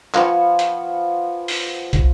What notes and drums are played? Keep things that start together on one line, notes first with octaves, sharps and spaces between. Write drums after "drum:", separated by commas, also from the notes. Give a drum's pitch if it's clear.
F3 B3 G#5 C#6, drum: clap
drum: hi-hat
drum: open hi-hat
drum: kick, hi-hat